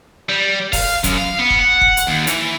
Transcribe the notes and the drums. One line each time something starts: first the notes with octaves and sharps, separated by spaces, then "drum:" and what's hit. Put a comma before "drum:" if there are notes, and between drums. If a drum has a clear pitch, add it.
G3
F5, drum: kick, open hi-hat
F#2, drum: kick, hi-hat
F5
B3
drum: kick
F#5
drum: kick
drum: hi-hat
D#2
E3, drum: hi-hat